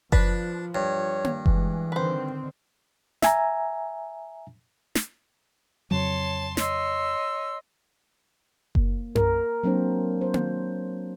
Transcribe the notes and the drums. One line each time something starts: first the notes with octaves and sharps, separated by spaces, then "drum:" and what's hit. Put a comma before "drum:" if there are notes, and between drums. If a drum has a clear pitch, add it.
F3 D4 B4, drum: kick F#1
G2 C#5
drum: tom A#3
E3 G#3, drum: kick F#1
D3 D#3 C4 B4 C5
E5 G#5 A#5, drum: snare
drum: snare
F2 C#3 F#3 C#5 A5 C6
C#5 D#5 C6 E6, drum: snare
A#3, drum: kick F#1
A#4, drum: tom F#2
F#3 A#3 C4 D4 C5
C5
drum: tom A#3